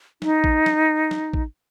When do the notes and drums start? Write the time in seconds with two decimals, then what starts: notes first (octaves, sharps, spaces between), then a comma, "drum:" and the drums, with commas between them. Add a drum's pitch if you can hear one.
0.22 D#4, drum: snare
0.44 drum: kick
0.66 drum: snare
1.11 drum: snare
1.34 drum: kick